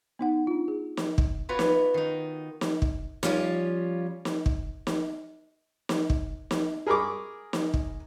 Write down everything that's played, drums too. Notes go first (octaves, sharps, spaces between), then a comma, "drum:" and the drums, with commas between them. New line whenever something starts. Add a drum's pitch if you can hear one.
B3 D#4 F#5
D4 F4
G#4
drum: snare
drum: kick
B3 F4 F#4 B4 C#5
drum: snare
D#3 D#4
drum: snare
drum: kick
F3 G3 C#4 F4 C#5, drum: snare
drum: snare
drum: kick
drum: snare
drum: snare
drum: kick
drum: snare
G#4 A#4 B5 C#6 D6
drum: snare
drum: kick